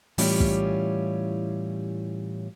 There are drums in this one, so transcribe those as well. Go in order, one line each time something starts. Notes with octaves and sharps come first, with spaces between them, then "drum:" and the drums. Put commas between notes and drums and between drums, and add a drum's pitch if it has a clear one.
A2 E3 G3 C#4 F4 G4, drum: open hi-hat
drum: kick